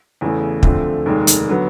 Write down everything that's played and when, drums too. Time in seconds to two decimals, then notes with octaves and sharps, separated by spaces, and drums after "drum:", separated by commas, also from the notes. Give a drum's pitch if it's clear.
0.21 E2 C#3 E3 A3
0.63 D2 D3 F3 A3 C4, drum: kick
1.06 F1 D#2 D#3 G#3
1.27 drum: hi-hat
1.49 D3 F#3 B3